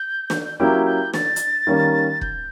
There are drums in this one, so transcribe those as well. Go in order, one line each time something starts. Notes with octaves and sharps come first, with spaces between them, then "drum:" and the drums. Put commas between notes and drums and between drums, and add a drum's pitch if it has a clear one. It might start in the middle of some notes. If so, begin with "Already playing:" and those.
Already playing: G6
drum: snare
F#3 A#3 C#4 E4 G4 G6
G6
A6, drum: snare
drum: hi-hat
D#3 G3 A#3 C#4
G6, drum: kick